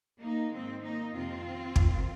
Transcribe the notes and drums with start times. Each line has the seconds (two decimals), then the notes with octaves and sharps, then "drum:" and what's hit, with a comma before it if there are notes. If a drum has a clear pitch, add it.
0.21 A#3 D#4
0.52 G#2 D#3 G#3 C4
0.83 A#3 D#4
1.14 F2 C3 D#3 C4 F4
1.76 F2 D#3, drum: kick